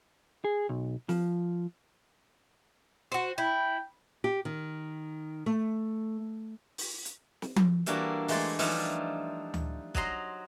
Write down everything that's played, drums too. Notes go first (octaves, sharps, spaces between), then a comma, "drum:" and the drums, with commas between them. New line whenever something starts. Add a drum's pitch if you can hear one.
G#4
B1
F3, drum: snare
F#4 C5
E4 G5
G4
D#3
A3
drum: open hi-hat
drum: hi-hat
drum: snare
drum: tom F3
E3 G3 A#3 D4 F#4 A4, drum: hi-hat
E3 G#3 A3 C5 D5, drum: open hi-hat
E3 F3 G3 D4 D#4, drum: open hi-hat
drum: tom D2
F#3 D#5 A#5 C6, drum: kick